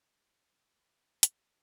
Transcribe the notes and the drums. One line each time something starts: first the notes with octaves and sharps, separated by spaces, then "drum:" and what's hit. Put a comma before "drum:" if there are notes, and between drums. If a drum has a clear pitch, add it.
D3
C3
D3
E3
E3
drum: hi-hat